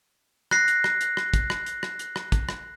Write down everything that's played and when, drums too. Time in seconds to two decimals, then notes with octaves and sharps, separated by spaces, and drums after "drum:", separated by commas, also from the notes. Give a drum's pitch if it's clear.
0.51 F#6 A#6 C7, drum: rim click
0.68 drum: hi-hat
0.84 drum: rim click
1.01 drum: hi-hat
1.17 drum: rim click
1.34 drum: kick, hi-hat
1.50 drum: rim click
1.66 drum: hi-hat
1.83 drum: rim click
1.99 drum: hi-hat
2.16 drum: rim click
2.32 drum: kick, hi-hat
2.49 drum: rim click